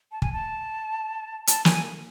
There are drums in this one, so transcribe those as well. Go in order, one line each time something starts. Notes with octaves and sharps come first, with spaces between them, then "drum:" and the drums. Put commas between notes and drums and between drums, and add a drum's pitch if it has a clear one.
A5
G#5, drum: kick
A5
A5, drum: hi-hat
G#5, drum: snare